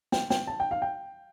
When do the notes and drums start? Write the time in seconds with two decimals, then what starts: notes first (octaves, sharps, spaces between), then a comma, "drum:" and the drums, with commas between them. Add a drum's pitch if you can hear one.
0.12 G5, drum: snare
0.30 G5, drum: snare
0.47 A5
0.60 G5
0.71 F5
0.82 G5